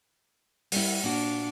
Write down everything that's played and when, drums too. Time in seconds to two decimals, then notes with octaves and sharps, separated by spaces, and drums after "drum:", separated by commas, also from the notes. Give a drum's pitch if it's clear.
0.72 G3 E4, drum: open hi-hat
1.03 A#2 D4 F#4